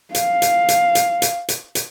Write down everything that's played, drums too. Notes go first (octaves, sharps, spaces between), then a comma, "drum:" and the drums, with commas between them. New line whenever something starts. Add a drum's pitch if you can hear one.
F5, drum: hi-hat
drum: hi-hat
drum: hi-hat
drum: hi-hat
drum: hi-hat
drum: hi-hat
drum: hi-hat